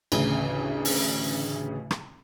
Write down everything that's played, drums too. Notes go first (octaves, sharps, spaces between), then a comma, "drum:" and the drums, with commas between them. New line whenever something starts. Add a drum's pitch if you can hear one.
A1 D2 C#3, drum: cymbal
drum: open hi-hat
drum: rim click